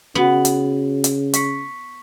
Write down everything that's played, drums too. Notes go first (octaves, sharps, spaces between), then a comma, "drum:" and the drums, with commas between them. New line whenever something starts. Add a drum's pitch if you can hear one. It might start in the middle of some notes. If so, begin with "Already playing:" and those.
C#3 B3 F#4 F#7
drum: hi-hat
drum: hi-hat
C#6 B6 C#7, drum: hi-hat